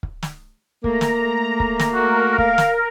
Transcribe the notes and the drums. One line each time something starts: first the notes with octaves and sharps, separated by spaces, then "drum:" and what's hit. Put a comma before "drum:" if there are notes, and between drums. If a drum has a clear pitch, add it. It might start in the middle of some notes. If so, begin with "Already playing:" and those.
drum: kick
drum: snare
A3 A#3 A#5, drum: kick
drum: snare
drum: kick
drum: snare
F#4 A#4
F5, drum: kick
drum: snare